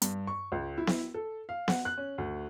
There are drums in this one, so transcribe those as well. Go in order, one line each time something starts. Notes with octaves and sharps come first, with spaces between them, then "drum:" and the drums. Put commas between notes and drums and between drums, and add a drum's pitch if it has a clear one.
G2, drum: hi-hat
C#6
C#2
E4
drum: snare B3
A4
F5
F#5, drum: snare B3
F#6
C#4
D2